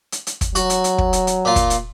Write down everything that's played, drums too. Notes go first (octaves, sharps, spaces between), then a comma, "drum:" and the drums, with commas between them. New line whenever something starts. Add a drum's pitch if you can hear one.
drum: hi-hat
drum: hi-hat
drum: kick, hi-hat
F#3 F#4, drum: hi-hat
drum: hi-hat
drum: hi-hat
drum: kick
drum: hi-hat
drum: hi-hat
A#2 F4
drum: kick, hi-hat
drum: hi-hat